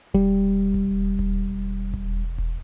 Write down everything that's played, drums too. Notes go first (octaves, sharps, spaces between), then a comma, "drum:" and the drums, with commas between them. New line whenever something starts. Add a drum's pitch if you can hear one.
E1 G3
drum: kick D#1
drum: kick D#1
drum: kick D#1
drum: kick D#1